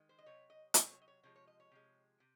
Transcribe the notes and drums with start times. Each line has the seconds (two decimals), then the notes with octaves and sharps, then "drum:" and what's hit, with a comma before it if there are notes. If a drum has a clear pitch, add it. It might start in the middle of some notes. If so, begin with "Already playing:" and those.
Already playing: D#3 G#3
0.09 C5
0.19 D#5
0.26 C3 F#3 C#5
0.50 D#5
0.74 C3 F#3 D#5, drum: hi-hat
0.91 C#5
1.02 D#5
1.08 C#5
1.23 C3 F3 G#3 C#5
1.36 C#5
1.47 D#5
1.60 C#5
1.72 C3 F3 G#3
2.20 C3